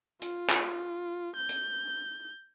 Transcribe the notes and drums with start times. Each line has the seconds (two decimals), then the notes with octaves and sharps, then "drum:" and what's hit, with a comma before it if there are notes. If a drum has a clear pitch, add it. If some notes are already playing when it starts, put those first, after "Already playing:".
0.22 F4, drum: hi-hat
0.49 drum: clap
1.36 G6
1.49 drum: hi-hat